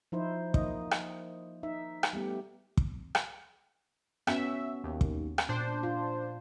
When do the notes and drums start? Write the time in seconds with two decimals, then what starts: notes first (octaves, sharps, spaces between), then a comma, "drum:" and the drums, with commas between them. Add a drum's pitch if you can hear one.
0.12 F3 D#4 E4 C5
0.54 A#3 D#4 D#5, drum: kick
0.91 drum: rim click
1.63 D#4 E5
2.03 drum: rim click
2.13 G3 A3 B3 G4
2.77 drum: kick
3.15 drum: rim click
4.27 B3 C#4 F#4 E5, drum: rim click
4.84 D#2
5.01 drum: kick
5.38 drum: rim click
5.49 A#2 D4 C5
5.83 F4